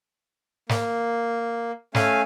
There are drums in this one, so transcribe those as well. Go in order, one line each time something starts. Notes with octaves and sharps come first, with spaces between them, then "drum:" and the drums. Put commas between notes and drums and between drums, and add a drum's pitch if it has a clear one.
A#3, drum: snare
A3 C#4 F5 G#5, drum: snare